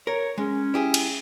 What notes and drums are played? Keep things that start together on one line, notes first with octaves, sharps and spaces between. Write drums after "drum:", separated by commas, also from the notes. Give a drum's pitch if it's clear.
A#4 C#5
G#3 C#4
E4 G4 G#4
drum: cymbal